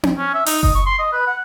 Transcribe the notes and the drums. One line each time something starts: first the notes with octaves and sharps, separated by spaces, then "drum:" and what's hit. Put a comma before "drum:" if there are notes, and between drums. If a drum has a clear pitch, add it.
drum: tom C4
C#4
E5
D#4, drum: open hi-hat
D#5, drum: kick F#1
C#6
C6
D#5
B4
F#5